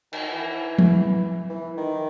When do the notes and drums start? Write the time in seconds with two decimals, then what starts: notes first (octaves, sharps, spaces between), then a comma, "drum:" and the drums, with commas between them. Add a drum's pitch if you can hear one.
0.13 D#3, drum: cymbal
0.33 E3
0.78 drum: tom F3
1.50 E3
1.78 D#3